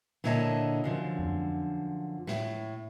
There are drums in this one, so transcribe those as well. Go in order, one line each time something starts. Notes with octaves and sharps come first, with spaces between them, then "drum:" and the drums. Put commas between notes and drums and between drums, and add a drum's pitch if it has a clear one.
A#2 D3 E4 C#5 D#5 A5, drum: snare
F#2 D3 F3
drum: tom F2
A2, drum: snare